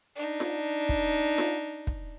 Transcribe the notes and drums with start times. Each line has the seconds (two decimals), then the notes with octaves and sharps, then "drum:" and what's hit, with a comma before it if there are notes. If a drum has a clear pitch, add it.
0.16 D4 D#4
0.40 drum: snare F4
0.89 drum: kick
1.38 drum: snare F4
1.87 drum: kick